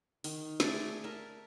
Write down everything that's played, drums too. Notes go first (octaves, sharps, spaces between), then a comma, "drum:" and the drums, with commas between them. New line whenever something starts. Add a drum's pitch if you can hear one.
D#3, drum: open hi-hat
A3 G#4 D5 G#5, drum: snare
A#4 E5 A5